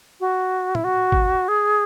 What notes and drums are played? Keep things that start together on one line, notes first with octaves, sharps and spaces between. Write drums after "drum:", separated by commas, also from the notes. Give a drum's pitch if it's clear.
F#4
E4, drum: tom
F#4
drum: kick G#1
G#4